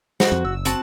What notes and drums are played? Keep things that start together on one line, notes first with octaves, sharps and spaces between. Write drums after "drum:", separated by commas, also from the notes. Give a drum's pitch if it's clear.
F#4 C5, drum: snare
F2
F#1 E6
C4 F#4 A5, drum: hi-hat